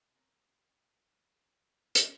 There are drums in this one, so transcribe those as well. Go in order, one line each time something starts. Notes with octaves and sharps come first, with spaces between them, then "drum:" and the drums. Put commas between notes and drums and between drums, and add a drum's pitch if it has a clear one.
B3 C4 A#4 C#5
drum: hi-hat